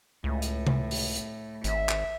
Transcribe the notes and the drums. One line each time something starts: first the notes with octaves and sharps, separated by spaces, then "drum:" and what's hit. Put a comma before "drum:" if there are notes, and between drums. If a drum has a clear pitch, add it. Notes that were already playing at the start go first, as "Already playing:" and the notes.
C#2 A2
drum: hi-hat
drum: tom C3
drum: open hi-hat
drum: hi-hat
G#1 E5, drum: hi-hat
drum: clap